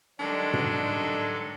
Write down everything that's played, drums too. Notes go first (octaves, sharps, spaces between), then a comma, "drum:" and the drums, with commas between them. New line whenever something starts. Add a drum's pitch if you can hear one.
G2 D3 D#3 F#3 G#3 D4 A4
drum: tom